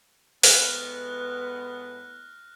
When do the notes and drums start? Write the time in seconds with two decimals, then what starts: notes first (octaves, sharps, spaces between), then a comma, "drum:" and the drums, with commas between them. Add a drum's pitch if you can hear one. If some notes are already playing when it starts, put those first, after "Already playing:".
0.43 A2 G#3 B3 F6 F#6 A#6, drum: open hi-hat